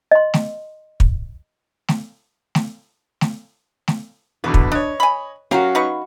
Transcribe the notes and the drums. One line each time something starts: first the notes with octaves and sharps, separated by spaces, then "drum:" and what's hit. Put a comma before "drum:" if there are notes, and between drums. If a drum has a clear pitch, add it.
D#5 C6
drum: snare A3
drum: kick
drum: snare A3
drum: snare A3
drum: snare A3
drum: snare A3
E2 B2 D3 B4
drum: kick
D4 C#5 D#5
G#5 B5
F#3 C#4 F#4 G4 A#4 F5
D#4 B4 C#6